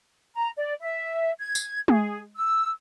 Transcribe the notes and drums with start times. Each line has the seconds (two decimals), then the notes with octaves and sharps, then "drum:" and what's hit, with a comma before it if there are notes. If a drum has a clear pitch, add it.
0.35 A#5
0.57 D5
0.80 E5
1.40 G#6
1.55 drum: tambourine
1.88 G#4, drum: tom G#3
2.37 E6